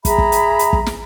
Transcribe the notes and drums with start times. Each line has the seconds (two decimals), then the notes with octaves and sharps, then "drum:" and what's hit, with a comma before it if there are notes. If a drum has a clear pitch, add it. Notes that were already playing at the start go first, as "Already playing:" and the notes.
0.05 G#4 E5 A#5 B5, drum: kick, hi-hat
0.18 drum: kick
0.32 drum: hi-hat
0.59 drum: hi-hat
0.73 drum: kick
0.86 drum: snare